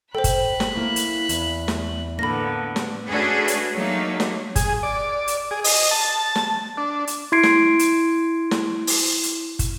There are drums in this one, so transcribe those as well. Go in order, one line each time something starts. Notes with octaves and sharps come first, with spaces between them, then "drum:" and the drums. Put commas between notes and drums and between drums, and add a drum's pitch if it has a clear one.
A4 C5 G5 B5 F#6
drum: kick, hi-hat
drum: snare
A#3 E4
drum: hi-hat
E2, drum: hi-hat
drum: snare
A2 D3 A#3 B3 B5 A#6
drum: snare
A3 C#4 D4 F#4 G#4 B4
drum: hi-hat
F#3 A3 A#3 D#4
drum: snare
G#4, drum: kick, hi-hat
D5
drum: hi-hat
G#4
D#5, drum: open hi-hat
A5
drum: snare
D4
drum: hi-hat
E4 C6 G#6 C7 D7
drum: snare
drum: hi-hat
drum: snare
drum: open hi-hat
drum: hi-hat
drum: kick, hi-hat